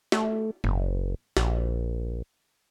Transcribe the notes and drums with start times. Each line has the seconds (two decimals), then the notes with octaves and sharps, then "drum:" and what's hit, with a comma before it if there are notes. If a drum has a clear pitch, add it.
0.12 A3, drum: snare
0.64 F#1, drum: tom
1.37 A#1, drum: snare